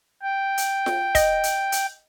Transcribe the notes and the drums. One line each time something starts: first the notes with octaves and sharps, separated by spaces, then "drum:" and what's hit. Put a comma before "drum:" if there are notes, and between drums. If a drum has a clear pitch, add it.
G5
drum: hi-hat
drum: snare F4
D#5, drum: kick, hi-hat
drum: hi-hat
drum: hi-hat